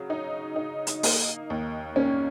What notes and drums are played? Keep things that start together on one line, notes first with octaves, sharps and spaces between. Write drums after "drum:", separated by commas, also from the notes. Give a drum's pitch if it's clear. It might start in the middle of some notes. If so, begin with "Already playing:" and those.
Already playing: C#3 F#3
D#4
D#4
drum: hi-hat
A#3, drum: open hi-hat
D#2
A#3 C#4